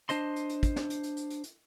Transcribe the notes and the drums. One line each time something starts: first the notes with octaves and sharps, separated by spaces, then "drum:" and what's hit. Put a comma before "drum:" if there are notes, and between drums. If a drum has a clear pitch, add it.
D4 C5 D#5 C6, drum: hi-hat
drum: hi-hat
drum: hi-hat
drum: kick, hi-hat
drum: snare
drum: hi-hat
drum: hi-hat
drum: hi-hat
drum: hi-hat
drum: hi-hat